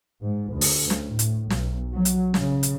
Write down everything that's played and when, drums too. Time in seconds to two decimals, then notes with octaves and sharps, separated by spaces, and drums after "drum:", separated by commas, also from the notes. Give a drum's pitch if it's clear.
0.23 G#2
0.52 D2
0.61 drum: open hi-hat
0.90 drum: snare
1.06 A2
1.19 drum: hi-hat
1.50 B1, drum: snare
1.94 F#3
2.05 drum: hi-hat
2.34 C#3, drum: snare
2.63 drum: hi-hat